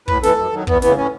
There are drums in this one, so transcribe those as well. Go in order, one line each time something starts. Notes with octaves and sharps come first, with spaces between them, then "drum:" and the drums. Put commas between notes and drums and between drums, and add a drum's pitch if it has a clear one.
A2 B4, drum: kick
E3 A4, drum: snare
F#2
D#3 F#3
E2 B3, drum: kick
C#3 E3 B3, drum: snare
A2 C#4